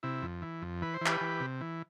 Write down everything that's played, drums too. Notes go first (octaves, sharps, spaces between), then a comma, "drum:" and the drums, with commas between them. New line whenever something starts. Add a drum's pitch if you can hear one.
C3 E4
F2
E3
F2
E3 B4
C5
E3
G4 B4, drum: clap
E3
C3
E3